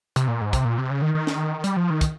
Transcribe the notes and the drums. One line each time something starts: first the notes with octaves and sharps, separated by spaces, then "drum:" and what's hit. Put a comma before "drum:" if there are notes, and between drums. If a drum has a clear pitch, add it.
C3, drum: hi-hat
A#2
G#2
C3, drum: kick, hi-hat
A#2
C3
C#3
D#3
D#3
drum: snare
G3, drum: hi-hat
F3
D#3
drum: kick, hi-hat